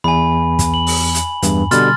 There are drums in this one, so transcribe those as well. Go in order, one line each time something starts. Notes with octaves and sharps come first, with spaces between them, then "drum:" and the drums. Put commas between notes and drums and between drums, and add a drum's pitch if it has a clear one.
E2 G#5 B5
drum: kick, hi-hat
F#7
drum: open hi-hat
drum: hi-hat
E2 G2, drum: hi-hat
B2 D3 G3 C6 F6 A6, drum: hi-hat